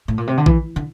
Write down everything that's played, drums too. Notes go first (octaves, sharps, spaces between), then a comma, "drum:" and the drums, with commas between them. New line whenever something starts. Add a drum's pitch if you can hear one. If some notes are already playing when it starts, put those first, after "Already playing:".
A2
A#2
C3
D3
E3, drum: kick A#1
D3